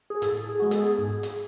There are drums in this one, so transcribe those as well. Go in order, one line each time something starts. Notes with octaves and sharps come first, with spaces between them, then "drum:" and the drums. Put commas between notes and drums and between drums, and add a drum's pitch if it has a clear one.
G#4
A2 A4, drum: hi-hat
G#4
G#3 B3 F#4
A4, drum: hi-hat
G#4
G#2 G#4
drum: hi-hat